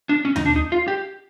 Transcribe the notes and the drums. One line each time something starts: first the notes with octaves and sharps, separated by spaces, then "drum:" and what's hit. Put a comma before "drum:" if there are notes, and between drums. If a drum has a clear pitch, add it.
D4
C#4
D#4, drum: tom D#2
D4
D#4
F4
G4